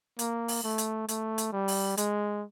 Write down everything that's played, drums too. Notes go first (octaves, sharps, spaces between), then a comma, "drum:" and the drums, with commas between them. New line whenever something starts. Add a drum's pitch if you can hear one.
A#3, drum: hi-hat
drum: open hi-hat
A3
drum: hi-hat
A3, drum: hi-hat
drum: hi-hat
G3
drum: open hi-hat
G#3, drum: hi-hat